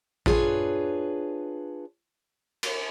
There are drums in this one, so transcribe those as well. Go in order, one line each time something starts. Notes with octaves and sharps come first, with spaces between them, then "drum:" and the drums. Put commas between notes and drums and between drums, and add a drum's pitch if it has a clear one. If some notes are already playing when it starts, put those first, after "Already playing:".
D4 F4 G#4 B4 C#5, drum: kick A1
drum: cymbal